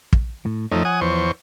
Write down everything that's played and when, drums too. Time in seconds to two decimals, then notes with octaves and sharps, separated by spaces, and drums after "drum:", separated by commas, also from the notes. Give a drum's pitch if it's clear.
0.13 drum: kick
0.46 A2
0.72 F2 F3 A3 D#4 C#5
0.85 F#5 G#5 D#6
1.01 E2 C5 C#6